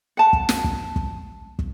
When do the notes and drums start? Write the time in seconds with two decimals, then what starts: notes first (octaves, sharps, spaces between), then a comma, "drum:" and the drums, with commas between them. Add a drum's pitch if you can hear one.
0.17 F#5 A5
0.33 drum: kick
0.49 drum: snare
0.64 drum: kick
0.96 drum: kick
1.59 drum: kick